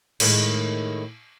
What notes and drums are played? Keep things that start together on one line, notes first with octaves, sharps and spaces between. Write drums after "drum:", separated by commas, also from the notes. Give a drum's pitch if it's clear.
A2 D#3 G#3, drum: cymbal